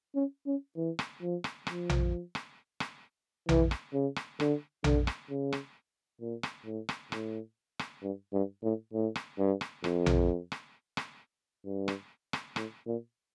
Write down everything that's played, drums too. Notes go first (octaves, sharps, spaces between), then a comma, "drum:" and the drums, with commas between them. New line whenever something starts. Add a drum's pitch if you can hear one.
C#4
C#4
E3
drum: rim click
F3
drum: rim click
F3, drum: rim click
drum: tom A#1
drum: rim click
drum: rim click
E3, drum: tom A#1
drum: rim click
C#3
drum: rim click
D3, drum: rim click
D3, drum: tom A#1
drum: rim click
C#3
drum: rim click
A#2
drum: rim click
A2
drum: rim click
A2, drum: rim click
drum: rim click
G2
G2
A2
A2
drum: rim click
G2
drum: rim click
F2, drum: rim click
drum: tom A#1
drum: rim click
drum: rim click
G2
drum: rim click
drum: rim click
A2, drum: rim click
A#2